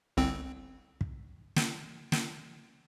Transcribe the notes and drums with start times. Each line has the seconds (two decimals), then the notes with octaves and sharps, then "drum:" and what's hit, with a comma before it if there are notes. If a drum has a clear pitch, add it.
0.17 G1 C2 C4
1.01 drum: kick
1.56 drum: snare
2.12 drum: snare